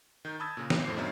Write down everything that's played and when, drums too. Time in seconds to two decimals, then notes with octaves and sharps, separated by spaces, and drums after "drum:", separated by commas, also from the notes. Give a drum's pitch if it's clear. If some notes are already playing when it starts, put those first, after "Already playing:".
0.25 D#3 G6
0.40 A5 B5 D#6 E6 G#6 A6
0.57 A#2 C#3
0.70 A#1 E4, drum: snare
0.85 F2 A2 A3 C5 D6 C7
0.97 G2 B2 D#3 F#3 C#5 E5